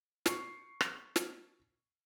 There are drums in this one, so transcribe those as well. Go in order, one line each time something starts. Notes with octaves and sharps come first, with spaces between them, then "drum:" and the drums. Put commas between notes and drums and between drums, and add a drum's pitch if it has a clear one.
C#6 C7, drum: snare
drum: rim click
drum: snare